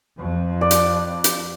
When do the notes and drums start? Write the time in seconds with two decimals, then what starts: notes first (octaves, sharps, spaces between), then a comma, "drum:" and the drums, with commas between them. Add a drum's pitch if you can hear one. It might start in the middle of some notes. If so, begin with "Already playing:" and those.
0.17 F2
0.61 D5
0.71 drum: hi-hat
1.24 drum: hi-hat